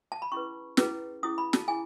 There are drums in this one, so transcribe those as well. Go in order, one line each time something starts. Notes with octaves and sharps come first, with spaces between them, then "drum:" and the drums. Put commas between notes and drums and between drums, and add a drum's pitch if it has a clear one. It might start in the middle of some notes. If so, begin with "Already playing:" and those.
A5
B5
C#4 E4 G#4 B4 C#6
C#4 E4 G#4 B4, drum: snare
C#4 E4 G#4 D#6
B5
A5, drum: snare
E4 G#4 G#5